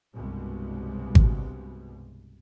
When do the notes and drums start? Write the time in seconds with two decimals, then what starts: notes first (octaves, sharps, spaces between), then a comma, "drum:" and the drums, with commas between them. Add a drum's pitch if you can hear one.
0.15 C2 G2 B2 G3 G#3
1.15 drum: kick G#1